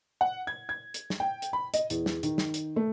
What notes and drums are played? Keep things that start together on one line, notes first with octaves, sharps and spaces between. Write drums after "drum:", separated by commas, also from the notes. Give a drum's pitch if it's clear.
F#5
G#6
G#6
drum: hi-hat
drum: snare
G5
drum: hi-hat
B5
D#5, drum: hi-hat
E2, drum: hi-hat
drum: snare
D#3, drum: hi-hat
drum: snare
drum: hi-hat
A3